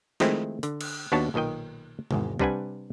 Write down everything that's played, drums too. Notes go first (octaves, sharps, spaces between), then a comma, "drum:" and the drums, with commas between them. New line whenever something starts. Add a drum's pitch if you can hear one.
D#3 F3 G#3 A3 C4 E4, drum: snare
D3, drum: hi-hat
drum: cymbal
D#2 B3 D4 F#4 C#5 A5
B1 A#2 D#3 D#5 G5
G#1 E2 G#2, drum: tom C3
C3 G3 D4 B4 F#5 G#5, drum: kick